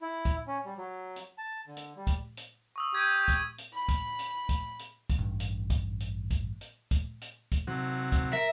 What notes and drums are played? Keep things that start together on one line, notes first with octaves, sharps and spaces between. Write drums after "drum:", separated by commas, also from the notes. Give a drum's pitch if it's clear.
E4
drum: kick, hi-hat
C#4
G3
F#3
drum: hi-hat
A5
D3
drum: hi-hat
G3
drum: kick, hi-hat
drum: hi-hat
C#6 D#6 E6
G4 G#6 D#7
drum: kick, hi-hat
drum: hi-hat
B5
drum: kick, hi-hat
drum: hi-hat
drum: kick, hi-hat
drum: hi-hat
drum: kick, hi-hat
A1 G2
drum: hi-hat
drum: kick, hi-hat
drum: hi-hat
drum: kick, hi-hat
drum: hi-hat
drum: kick, hi-hat
drum: hi-hat
drum: kick, hi-hat
C3 F#3
drum: kick, hi-hat
A#4 E5